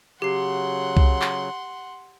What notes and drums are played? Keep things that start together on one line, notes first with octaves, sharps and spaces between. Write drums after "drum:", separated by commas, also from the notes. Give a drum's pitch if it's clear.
C#3 F#3 G4 F#5 C6 C7
drum: kick C2
drum: clap